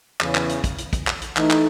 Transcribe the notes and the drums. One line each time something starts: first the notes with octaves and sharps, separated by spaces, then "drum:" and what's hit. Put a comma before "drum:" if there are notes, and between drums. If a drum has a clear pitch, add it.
E2 C#3 E3, drum: clap
drum: clap
drum: hi-hat
drum: kick, hi-hat
drum: hi-hat
drum: kick, hi-hat
drum: clap
drum: hi-hat
E3 A3 D#4, drum: clap
drum: clap